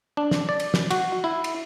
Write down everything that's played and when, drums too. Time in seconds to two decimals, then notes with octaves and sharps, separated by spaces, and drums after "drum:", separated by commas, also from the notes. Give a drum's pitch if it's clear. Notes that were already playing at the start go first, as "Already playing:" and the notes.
0.17 D4
0.31 drum: snare
0.49 D5
0.60 drum: cymbal
0.74 drum: snare
0.91 F#4, drum: cymbal
1.24 E4
1.44 drum: cymbal